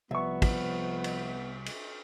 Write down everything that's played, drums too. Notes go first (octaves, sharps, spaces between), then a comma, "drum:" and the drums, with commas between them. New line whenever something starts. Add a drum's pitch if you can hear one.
C2 F3 B3 E5 C#6
drum: kick, cymbal
drum: cymbal
drum: cymbal